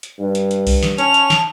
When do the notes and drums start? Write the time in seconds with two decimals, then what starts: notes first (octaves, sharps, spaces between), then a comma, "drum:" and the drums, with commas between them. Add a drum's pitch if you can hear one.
0.03 drum: hi-hat
0.19 G2
0.35 drum: hi-hat
0.51 drum: hi-hat
0.67 drum: kick C2, open hi-hat
0.83 drum: snare
0.98 C#4 A5 F7, drum: hi-hat
1.14 drum: hi-hat
1.30 drum: snare